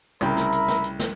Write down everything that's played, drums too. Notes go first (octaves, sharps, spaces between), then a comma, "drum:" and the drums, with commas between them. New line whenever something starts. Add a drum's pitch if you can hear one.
C2 C#3 A#4 E5 G5 B5, drum: hi-hat
drum: snare
drum: hi-hat
drum: snare
drum: hi-hat
drum: snare